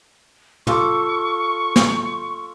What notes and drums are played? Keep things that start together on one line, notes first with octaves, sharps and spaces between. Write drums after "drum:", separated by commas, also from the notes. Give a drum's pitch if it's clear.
F4 A4 C#6 D6, drum: tom
drum: snare